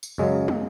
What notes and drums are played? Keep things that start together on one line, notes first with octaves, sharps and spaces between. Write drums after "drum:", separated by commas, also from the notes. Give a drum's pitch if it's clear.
drum: tambourine
F#2 C#3 F#3 G#3
drum: tom